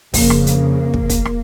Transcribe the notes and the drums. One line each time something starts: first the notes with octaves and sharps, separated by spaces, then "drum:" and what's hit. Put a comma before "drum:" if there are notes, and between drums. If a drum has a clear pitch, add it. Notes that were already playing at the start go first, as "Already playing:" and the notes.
F2 C#3 A#3, drum: kick, open hi-hat
drum: rim click
A#3, drum: hi-hat
drum: kick
drum: kick, hi-hat
drum: rim click